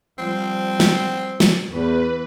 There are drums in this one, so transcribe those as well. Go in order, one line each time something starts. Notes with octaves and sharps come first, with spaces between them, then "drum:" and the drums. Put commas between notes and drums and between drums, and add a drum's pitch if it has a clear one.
F3 G3 C4
drum: snare
drum: snare
E2 E3 B4